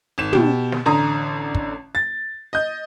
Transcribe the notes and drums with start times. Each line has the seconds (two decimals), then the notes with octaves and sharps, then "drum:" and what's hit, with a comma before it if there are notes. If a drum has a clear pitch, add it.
0.18 G#1 E7
0.33 B2 G4, drum: tom
0.72 drum: snare
0.86 A1 D3 A#5 D#6
1.55 drum: kick
1.95 A6
2.53 D#5 G6